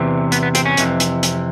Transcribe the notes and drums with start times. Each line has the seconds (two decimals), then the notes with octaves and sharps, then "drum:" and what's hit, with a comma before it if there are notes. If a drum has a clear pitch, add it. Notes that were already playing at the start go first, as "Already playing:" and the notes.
Already playing: E2 C3 E3
0.32 B3, drum: hi-hat
0.43 B3
0.55 C4, drum: hi-hat
0.66 C#4
0.77 F2 C3 E3, drum: hi-hat
1.00 drum: hi-hat
1.23 drum: hi-hat